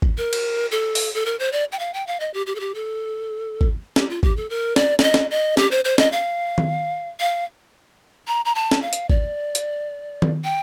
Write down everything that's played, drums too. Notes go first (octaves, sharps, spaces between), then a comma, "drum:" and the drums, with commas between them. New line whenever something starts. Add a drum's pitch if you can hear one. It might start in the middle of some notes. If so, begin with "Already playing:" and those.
drum: kick G#1
A#4
drum: cymbal
A4
drum: open hi-hat
A4
A#4
C5
D5
G5
F5
G5
F5
D#5
G4
G4
A4
G4
A4
drum: kick G#1
G4, drum: snare
F4
G4, drum: kick G#1
A4
A#4
D5, drum: snare
D5, drum: snare
D#5
drum: snare
D#5
G4, drum: snare
C5
C5
D#5, drum: snare
F5
drum: tom D#3
F5
A#5
A#5
A5
drum: snare
F5
drum: hi-hat
D5, drum: kick G#1
drum: hi-hat
drum: tom D#3
G5